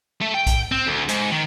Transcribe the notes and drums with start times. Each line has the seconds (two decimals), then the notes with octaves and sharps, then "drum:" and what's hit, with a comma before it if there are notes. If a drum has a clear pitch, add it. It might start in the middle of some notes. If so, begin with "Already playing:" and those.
0.22 A3
0.34 G5
0.47 drum: kick B1, hi-hat
0.72 C4
0.87 D2
1.09 G#2, drum: hi-hat
1.31 D#3